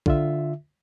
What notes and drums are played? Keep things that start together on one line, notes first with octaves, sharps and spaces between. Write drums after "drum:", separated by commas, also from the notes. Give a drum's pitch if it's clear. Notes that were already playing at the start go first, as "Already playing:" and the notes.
D3 F4 E5, drum: kick A#1